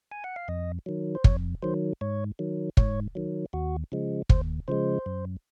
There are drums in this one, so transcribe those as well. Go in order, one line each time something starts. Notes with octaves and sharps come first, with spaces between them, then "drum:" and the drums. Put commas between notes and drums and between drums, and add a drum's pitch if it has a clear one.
G#5
F#5
F5
F2 D#5
D#3 F#3
C5
F2 C#5, drum: kick
D#3 F#3 C5
G#2 C#5
D#3 F#3
G#2 C#5, drum: kick
D#3 F#3
D#2 F#4
C#3 F3 G#3
D#2 C5, drum: kick
C#3 F3 G#3 C5
F#2